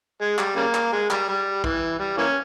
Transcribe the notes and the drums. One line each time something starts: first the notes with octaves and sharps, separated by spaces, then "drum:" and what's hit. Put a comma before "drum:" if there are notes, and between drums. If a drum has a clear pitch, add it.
G#3
G3, drum: clap
C#3 G3 A#3
drum: clap
G#3
G3, drum: clap
G3
E3, drum: kick
G3
E3 A#3 C#4